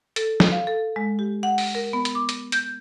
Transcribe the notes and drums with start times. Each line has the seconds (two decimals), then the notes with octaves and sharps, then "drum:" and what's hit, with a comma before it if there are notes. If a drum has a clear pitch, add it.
0.16 A4, drum: hi-hat
0.40 drum: snare
0.51 F5
0.67 A4
0.96 G#3
1.19 G4
1.43 F#5
1.58 drum: open hi-hat
1.75 A#4
1.93 B3
2.05 drum: hi-hat
2.15 D6
2.29 drum: hi-hat
2.52 G6, drum: hi-hat